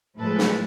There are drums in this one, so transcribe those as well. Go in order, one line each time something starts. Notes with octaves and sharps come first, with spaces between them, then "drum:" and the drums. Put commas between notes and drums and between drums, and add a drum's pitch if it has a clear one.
A2 F3 G#3 A4 B4
drum: snare